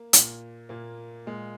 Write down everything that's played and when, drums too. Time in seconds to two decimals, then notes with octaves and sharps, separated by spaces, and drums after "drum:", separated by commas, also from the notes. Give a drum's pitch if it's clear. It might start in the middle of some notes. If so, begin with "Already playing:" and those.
Already playing: A#3
0.13 A#2, drum: hi-hat
0.69 A#2 A#3
1.27 A#2 G#3